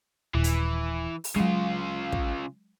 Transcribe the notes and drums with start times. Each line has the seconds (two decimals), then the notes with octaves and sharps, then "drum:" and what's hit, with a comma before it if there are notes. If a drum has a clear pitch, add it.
0.35 D#1 E3
0.44 drum: hi-hat
1.24 drum: open hi-hat
1.36 C#3 F#3 G#3 F4
2.12 drum: kick